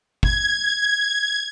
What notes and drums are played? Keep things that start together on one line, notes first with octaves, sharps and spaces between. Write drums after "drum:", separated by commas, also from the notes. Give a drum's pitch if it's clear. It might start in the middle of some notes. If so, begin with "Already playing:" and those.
G#6, drum: kick